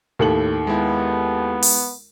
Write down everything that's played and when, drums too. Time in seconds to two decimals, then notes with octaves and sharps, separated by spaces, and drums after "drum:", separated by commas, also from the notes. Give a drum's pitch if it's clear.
0.19 D#2 A2 A4 F#7
0.67 G#3 B3 E4
1.63 drum: open hi-hat